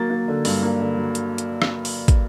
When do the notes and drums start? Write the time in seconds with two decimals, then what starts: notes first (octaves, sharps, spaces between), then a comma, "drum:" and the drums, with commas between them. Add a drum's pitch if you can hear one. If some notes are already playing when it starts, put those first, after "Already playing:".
Already playing: F#3 A#3 A6
0.10 A#3
0.28 D3
0.45 G2, drum: open hi-hat
0.63 A#3
0.80 D3
0.97 F#3
1.15 drum: hi-hat
1.38 drum: hi-hat
1.62 drum: rim click
1.85 drum: open hi-hat
2.08 drum: kick, hi-hat